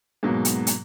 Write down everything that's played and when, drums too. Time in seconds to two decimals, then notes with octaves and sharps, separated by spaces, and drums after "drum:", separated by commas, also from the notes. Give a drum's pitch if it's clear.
0.23 G#2 B2 F#3 A#3
0.45 drum: hi-hat
0.67 drum: hi-hat